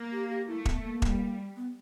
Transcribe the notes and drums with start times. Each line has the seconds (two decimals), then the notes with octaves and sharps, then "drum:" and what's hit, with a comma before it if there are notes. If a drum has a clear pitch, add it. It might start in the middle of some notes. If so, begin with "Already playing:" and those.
Already playing: A#3
0.12 G4
0.29 G4
0.47 A3 E4
0.65 B3, drum: kick E1
0.83 A#3
1.02 G3, drum: kick E1
1.57 B3